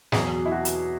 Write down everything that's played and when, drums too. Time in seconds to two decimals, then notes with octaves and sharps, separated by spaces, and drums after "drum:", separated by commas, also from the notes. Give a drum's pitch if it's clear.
0.12 E2 B2 F#3 G#4, drum: snare
0.46 E4
0.52 F#4
0.65 drum: hi-hat